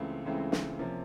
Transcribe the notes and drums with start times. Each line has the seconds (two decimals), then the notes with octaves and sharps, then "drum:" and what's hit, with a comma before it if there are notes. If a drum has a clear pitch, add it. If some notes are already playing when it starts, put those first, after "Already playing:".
Already playing: C#2 C#3 E3 A3 C4
0.26 C#2 C#3 E3 A3 C4
0.52 drum: snare
0.79 C3 F3 A#3 C#4